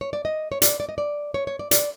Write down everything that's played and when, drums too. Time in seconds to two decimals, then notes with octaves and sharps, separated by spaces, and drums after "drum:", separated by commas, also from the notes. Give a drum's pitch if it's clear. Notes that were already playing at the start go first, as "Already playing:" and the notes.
0.01 C#5
0.13 D5
0.25 D#5
0.52 C#5
0.62 D5, drum: hi-hat
0.80 D5
0.89 D#5
0.98 D5
1.34 C#5
1.47 C#5
1.59 D5
1.71 D5, drum: hi-hat